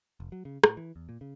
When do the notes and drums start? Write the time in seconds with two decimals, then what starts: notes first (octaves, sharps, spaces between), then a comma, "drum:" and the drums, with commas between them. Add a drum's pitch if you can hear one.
0.20 F1
0.32 F#3
0.45 C#3
0.64 A2, drum: rim click
0.77 E3
0.96 E2
1.09 A#2
1.21 C#3